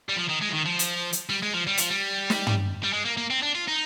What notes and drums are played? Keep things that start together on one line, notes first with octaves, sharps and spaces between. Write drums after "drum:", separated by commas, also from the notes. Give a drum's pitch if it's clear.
G3
F3
D#3
G#3
F3
D#3
F3
drum: hi-hat
drum: hi-hat
G3
G#3
F3
G3
F3, drum: hi-hat
G3
drum: snare
drum: tom
G3
G#3
A#3
A#3
C4
D4
F4
D#4